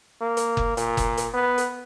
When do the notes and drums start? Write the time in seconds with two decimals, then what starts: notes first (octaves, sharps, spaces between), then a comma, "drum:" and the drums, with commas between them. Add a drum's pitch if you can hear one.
0.21 A#3
0.37 drum: hi-hat
0.57 drum: kick F#1
0.77 A#2, drum: hi-hat
0.97 drum: kick F#1, hi-hat
1.17 drum: hi-hat
1.34 B3
1.58 drum: hi-hat